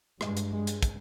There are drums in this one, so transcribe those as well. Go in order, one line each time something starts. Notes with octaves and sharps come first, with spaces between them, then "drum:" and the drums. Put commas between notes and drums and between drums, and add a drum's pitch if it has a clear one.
G2 G#3, drum: rim click
drum: hi-hat
G#3
drum: hi-hat
drum: kick, hi-hat